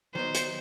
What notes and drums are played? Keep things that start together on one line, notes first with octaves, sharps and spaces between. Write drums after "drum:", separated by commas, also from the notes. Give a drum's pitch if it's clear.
D#3 F#3 B3 D#4 C5
drum: hi-hat